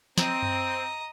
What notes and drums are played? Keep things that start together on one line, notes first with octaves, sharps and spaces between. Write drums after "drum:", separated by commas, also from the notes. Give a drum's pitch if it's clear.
C4 D#5 A#5, drum: snare
drum: tom F#2